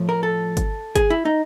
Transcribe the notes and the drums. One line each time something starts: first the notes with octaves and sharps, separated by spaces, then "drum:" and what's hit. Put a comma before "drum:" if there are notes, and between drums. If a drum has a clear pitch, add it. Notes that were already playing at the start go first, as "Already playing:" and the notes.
Already playing: A2 F3
A#4
A4
drum: kick G1, hi-hat
G#4, drum: kick G1, hi-hat
E4
D#4